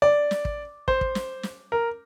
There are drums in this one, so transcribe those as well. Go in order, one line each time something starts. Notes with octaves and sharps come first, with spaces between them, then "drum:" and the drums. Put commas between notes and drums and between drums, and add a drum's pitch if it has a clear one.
D5
drum: snare
drum: kick
C5, drum: kick
drum: kick
drum: snare
drum: snare
A#4